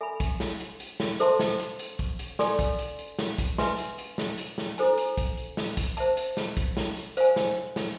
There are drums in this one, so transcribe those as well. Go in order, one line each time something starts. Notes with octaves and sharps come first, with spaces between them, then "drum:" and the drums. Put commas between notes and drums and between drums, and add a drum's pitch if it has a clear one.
A4 E5 G#5 B5
drum: kick, hi-hat
drum: snare
drum: hi-hat
drum: hi-hat
drum: snare
A4 C5 E5 A5 C6, drum: hi-hat
drum: snare
drum: hi-hat
drum: hi-hat
drum: kick, hi-hat
drum: hi-hat
A4 D5 G#5 C6, drum: snare
drum: kick, hi-hat
drum: hi-hat
drum: hi-hat
drum: snare
drum: kick, hi-hat
B4 E5 G#5 C6, drum: snare
drum: hi-hat
drum: hi-hat
drum: snare
drum: hi-hat
drum: snare
E4 A4 C5 G#5, drum: hi-hat
drum: hi-hat
drum: kick, hi-hat
drum: hi-hat
drum: snare
drum: kick, hi-hat
C5 E5 A5, drum: hi-hat
drum: hi-hat
drum: snare
drum: kick, hi-hat
drum: snare
drum: hi-hat
C5 F5 G#5, drum: hi-hat
drum: snare
drum: snare